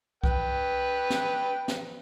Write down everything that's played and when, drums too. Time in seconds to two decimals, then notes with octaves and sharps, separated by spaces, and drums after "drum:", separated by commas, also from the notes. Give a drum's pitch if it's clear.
0.24 B4 G5, drum: kick B1
1.10 drum: snare
1.68 drum: snare